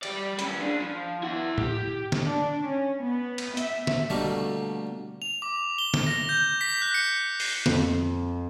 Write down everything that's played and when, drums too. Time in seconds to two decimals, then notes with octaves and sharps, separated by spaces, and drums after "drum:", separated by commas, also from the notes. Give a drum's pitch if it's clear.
0.03 G3 D5, drum: cymbal
0.39 C#4 B4, drum: hi-hat
0.60 D4 G#4
0.81 F3
1.23 E4 F#5
1.58 G4, drum: tom
2.12 drum: snare
2.24 D4
2.65 C#4
3.04 B3
3.38 drum: cymbal
3.57 E5, drum: hi-hat
3.87 drum: snare
4.10 B2 D3 G3 A3 A#3
5.22 F7
5.42 D6
5.78 G7
5.94 drum: snare
6.07 A#6
6.29 G6
6.61 B6
6.82 F#6
6.94 C#7
7.13 C#7
7.40 C7, drum: open hi-hat
7.66 F2, drum: snare